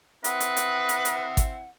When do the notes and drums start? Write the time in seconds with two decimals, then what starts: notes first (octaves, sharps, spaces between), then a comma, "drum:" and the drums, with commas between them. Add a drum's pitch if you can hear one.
0.24 C4 E4 B4 F#5 D#6, drum: hi-hat
0.40 drum: hi-hat
0.56 drum: hi-hat
0.89 drum: hi-hat
1.05 drum: hi-hat
1.37 drum: kick G#1, hi-hat